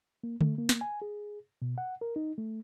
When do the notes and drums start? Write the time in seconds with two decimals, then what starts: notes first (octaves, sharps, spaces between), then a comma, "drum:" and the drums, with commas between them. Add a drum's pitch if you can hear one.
0.24 A#3
0.41 A3, drum: tom D3
0.58 A#3
0.69 drum: snare
0.81 G#5
1.02 G#4
1.62 B2
1.78 F#5
2.01 A#4
2.16 D#4
2.38 A3